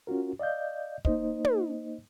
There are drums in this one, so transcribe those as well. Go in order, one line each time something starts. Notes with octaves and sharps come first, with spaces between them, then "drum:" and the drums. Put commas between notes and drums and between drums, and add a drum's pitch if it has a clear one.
C#4 F4 F#4 A#4
D5 D#5 F5 G6
A#3 D#4 C5 D#5, drum: kick
drum: tom